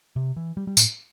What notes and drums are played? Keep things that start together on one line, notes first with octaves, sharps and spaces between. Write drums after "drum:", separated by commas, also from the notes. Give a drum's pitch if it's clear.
C3
E3
G3
G3
A2, drum: tambourine